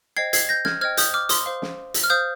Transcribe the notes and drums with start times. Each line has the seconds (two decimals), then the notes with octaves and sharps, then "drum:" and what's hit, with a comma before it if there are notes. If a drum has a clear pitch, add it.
0.17 C5 D#5 G5 G#6 C7
0.33 G#6 C7, drum: hi-hat
0.49 G6 A#6
0.65 F6 G#6, drum: snare
0.81 C5 D#5 G5 F6 G#6
0.97 D#6 G6, drum: hi-hat
1.14 D6 F6
1.29 C6 D#6, drum: hi-hat
1.46 C5 F5
1.62 drum: snare
1.94 drum: hi-hat
2.04 F6
2.10 C5 F5 D#6 G6